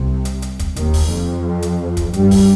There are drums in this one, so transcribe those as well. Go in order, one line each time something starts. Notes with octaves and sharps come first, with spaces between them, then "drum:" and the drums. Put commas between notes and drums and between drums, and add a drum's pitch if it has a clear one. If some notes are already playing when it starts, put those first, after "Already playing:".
Already playing: C2 C3
drum: hi-hat
drum: hi-hat
drum: kick, hi-hat
D#2 D#3, drum: hi-hat
drum: kick, open hi-hat
F2 F3
drum: hi-hat
drum: kick, hi-hat
G2 G3, drum: hi-hat
drum: kick, open hi-hat